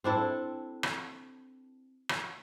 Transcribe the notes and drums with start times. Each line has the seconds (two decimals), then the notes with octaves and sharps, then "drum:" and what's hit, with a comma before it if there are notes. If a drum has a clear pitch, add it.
0.04 C4 D4 E4 A4
0.83 drum: rim click
2.09 drum: rim click